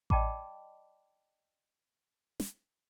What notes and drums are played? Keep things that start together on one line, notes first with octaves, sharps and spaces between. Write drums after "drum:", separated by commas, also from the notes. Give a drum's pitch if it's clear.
D5 D#5 G5 A5 B5 D6, drum: kick A1
drum: snare